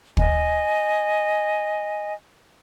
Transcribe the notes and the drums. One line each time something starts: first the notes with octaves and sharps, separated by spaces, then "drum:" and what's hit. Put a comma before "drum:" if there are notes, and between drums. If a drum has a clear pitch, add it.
D#5 G#5, drum: kick